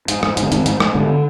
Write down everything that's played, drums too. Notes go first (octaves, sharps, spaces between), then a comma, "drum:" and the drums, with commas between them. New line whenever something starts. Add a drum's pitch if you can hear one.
G#2, drum: hi-hat
G#2, drum: rim click
G#2, drum: hi-hat
D3
G#2 D#3, drum: hi-hat
G#2, drum: hi-hat
G#2, drum: rim click
G#2 D3